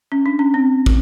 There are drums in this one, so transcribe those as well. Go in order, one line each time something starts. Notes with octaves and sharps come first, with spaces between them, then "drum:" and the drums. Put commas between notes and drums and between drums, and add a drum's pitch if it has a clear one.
C#4
D4
C#4
C4
drum: kick